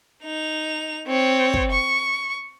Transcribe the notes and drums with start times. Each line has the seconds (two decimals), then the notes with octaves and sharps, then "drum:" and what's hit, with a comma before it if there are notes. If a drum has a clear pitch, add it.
0.23 D#4 F7
1.07 C4 C#5
1.54 drum: kick
1.71 C#6